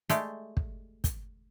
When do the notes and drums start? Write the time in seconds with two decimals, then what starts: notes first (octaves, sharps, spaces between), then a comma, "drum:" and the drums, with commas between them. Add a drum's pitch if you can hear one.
0.09 G#3 A3 G4 D5, drum: hi-hat
0.57 drum: kick
1.04 drum: kick, hi-hat